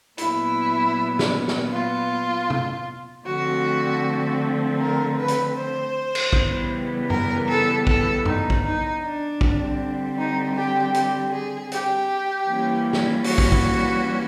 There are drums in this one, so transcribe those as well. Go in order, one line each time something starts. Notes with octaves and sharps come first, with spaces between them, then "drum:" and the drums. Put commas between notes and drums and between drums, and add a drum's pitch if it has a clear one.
A#2 F#3 B3 E4, drum: hi-hat
drum: snare
drum: snare
F4
drum: tom C3
D3 F3 A3 C4 F#4
A#4
B4
drum: hi-hat
C5
drum: cymbal
C#3 E3 G3 B3, drum: kick
A#4, drum: tom F#2
A4
A4, drum: kick
D#4, drum: tom F#2
drum: kick
D#4
D4
D3 G3 C4, drum: kick
D#4
G4
G4, drum: hi-hat
G#4
G4, drum: hi-hat
E3 G3 A#3 C#4
drum: snare
F#4, drum: open hi-hat
drum: kick
drum: kick